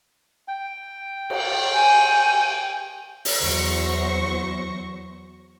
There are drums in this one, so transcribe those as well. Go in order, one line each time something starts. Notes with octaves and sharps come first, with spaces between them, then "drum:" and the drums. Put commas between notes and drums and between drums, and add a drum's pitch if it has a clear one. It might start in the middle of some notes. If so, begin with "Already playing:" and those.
G5
drum: cymbal
G#5 G6
drum: open hi-hat
E2 F#3 C5 C#6 A#6